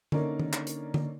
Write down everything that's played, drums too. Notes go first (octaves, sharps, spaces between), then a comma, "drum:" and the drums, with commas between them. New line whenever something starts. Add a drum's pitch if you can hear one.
D3 A#3 C#4 D#4 A#4 D5, drum: tom D3
drum: tom D#3
drum: clap
drum: hi-hat
drum: tom D3